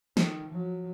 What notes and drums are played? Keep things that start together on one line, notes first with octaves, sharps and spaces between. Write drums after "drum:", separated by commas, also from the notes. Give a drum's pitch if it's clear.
D#3, drum: snare
F3 F#3